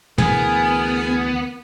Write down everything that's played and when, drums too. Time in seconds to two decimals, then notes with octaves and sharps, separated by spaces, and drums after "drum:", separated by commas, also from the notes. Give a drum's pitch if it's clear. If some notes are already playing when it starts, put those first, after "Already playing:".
0.18 D2 E3 B3 G#4 A#4 G#5, drum: tom